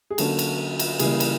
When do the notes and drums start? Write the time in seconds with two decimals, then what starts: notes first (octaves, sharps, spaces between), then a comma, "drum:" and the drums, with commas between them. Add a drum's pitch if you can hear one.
0.10 G#4
0.18 D3 F#3 A#3 C#4 A4, drum: cymbal
0.39 drum: cymbal
0.79 drum: cymbal
0.99 C#3 E3 G3 A#3 G#4, drum: cymbal
1.20 drum: cymbal